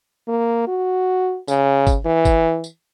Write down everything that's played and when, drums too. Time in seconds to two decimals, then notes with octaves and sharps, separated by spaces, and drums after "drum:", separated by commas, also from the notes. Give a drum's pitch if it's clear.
0.28 A#3
0.68 F#4
1.48 C#3, drum: tambourine
1.87 drum: kick, tambourine
2.06 E3
2.25 drum: kick, tambourine
2.64 drum: tambourine